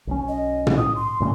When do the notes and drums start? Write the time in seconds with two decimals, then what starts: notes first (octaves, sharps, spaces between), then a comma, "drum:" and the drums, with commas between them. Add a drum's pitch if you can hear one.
0.07 B1 F#3 C#4
0.28 D#5
0.67 drum: tom
0.77 D#6
0.95 C6
1.20 D2 A2 C#4